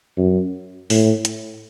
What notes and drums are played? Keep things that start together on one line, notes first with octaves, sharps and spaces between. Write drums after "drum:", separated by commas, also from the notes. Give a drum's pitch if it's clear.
F#2
A2, drum: open hi-hat
drum: hi-hat